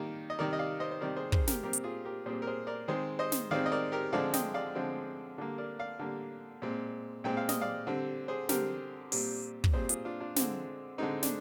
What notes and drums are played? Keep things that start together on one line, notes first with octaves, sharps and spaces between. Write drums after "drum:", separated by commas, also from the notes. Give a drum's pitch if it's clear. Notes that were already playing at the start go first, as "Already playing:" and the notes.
Already playing: D#3 G3 A#3
D#5
C3 D#3 G3 A#4 D5
D#5
D5 F5
C5 D#5
C5
C3 D#3 G3 A#4 D5
G#4 C5
G#4 C5, drum: kick
G4 A#4, drum: snare
A#2 G3 C4 G4 A#4
drum: hi-hat
F4 G#4
G4 A#4
A#2 G3 C4 G#4 C5
A#4
G#4 C5
A#4 D5
D#3 G#3 C4 G#4 C5
C5 D#5
drum: snare
D#3 G#3 C4 D5 F5
D#5
A#4 D5
G4 A#4
D3 F3 G#3 C4 D5 F5
D#5 G5, drum: snare
D5 F5
D3 F3 G#3 C4
D3 G3 A#3
A#4 D5
D5 F5
D3 G3 A#3
A#2 G#3 C4
A#2 G#3 C4 G5
F5
D#5, drum: snare
D5 F5
D3 G3 C4
G#4 C5
D3 G3 C4 G4 A#4, drum: snare
A#2 G3 C4, drum: open hi-hat
drum: kick
A#2 G3 C4 G#4 C5
F4 G#4, drum: hi-hat
D4 F4
D4 F4
D3 G#3 C4, drum: snare
D3 G#3 C4 D#4
D4, drum: snare